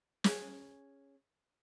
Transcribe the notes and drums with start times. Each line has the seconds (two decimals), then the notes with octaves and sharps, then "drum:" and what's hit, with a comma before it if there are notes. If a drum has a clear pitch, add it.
0.24 C#4 G#4, drum: snare